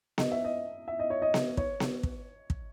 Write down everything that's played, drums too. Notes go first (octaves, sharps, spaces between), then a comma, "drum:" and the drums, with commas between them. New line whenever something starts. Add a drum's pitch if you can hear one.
D#5, drum: snare B3
E5
D#5
E5
D#5
C#5
D#5
drum: snare B3
C#5, drum: kick
drum: snare B3
drum: kick
drum: kick